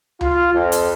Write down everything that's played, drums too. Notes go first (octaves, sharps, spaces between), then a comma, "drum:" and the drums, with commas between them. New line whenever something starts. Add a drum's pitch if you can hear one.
F4, drum: tom C#2
F2
drum: hi-hat